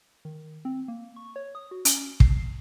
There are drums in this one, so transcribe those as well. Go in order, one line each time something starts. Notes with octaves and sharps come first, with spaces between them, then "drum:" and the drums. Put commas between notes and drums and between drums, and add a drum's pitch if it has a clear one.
D#3
C4
A#3
C#6
C#5
D#6
F#4
C#4, drum: hi-hat
C7, drum: kick